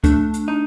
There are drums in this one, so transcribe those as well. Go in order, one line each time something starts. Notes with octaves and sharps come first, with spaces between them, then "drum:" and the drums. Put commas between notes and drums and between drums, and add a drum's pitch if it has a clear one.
A3 D4, drum: kick C#2, hi-hat
drum: hi-hat
D#4